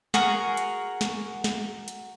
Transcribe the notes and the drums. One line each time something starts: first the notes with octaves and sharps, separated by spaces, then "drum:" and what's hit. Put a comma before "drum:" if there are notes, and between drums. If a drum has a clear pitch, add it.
F#4 G#4 A#4, drum: snare
drum: hi-hat
drum: snare
drum: snare
drum: hi-hat